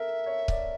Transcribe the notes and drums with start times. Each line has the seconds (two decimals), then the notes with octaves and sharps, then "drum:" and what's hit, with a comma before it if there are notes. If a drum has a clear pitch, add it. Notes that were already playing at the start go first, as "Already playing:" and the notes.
Already playing: A4 A#4 E5
0.26 C#5
0.48 D5, drum: kick C#1